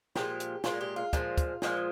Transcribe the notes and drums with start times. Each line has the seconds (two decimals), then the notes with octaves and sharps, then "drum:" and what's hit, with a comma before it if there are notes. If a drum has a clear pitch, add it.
0.16 A#2 F3 G#3 G4, drum: snare
0.40 drum: hi-hat
0.64 A#2 F3 G#3 F4, drum: snare
0.81 G4
0.96 F4
1.13 A#2 F3 G#3, drum: kick, hi-hat
1.37 drum: kick, hi-hat
1.62 A#2 F3 G#3, drum: snare